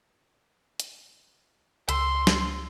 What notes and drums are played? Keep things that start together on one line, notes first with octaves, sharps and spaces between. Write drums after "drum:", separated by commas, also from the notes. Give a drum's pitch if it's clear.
drum: hi-hat
C#2 C6 E6, drum: hi-hat
drum: snare